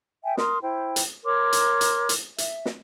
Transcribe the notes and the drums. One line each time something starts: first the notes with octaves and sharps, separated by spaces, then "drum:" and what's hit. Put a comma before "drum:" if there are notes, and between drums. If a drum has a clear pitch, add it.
E5 G5 G#5
A#4 C6 D#6, drum: snare
E4 C5 G5
drum: hi-hat
A#4 C#5 C6 D6
drum: hi-hat
drum: hi-hat
drum: hi-hat
E5, drum: hi-hat
drum: snare